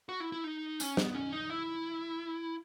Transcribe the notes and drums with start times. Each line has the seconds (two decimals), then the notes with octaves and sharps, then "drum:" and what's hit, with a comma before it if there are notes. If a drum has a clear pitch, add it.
0.09 F#4
0.20 E4
0.32 E4
0.44 D#4
0.80 C#4, drum: tambourine
0.97 B3, drum: snare
1.14 C#4
1.32 D#4
1.50 E4